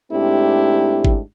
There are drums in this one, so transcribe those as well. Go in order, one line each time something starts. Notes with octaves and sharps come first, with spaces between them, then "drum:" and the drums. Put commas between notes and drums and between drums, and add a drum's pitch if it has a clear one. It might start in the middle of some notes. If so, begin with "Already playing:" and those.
G#2 A3 C4 D4 E4 G4
drum: kick G#1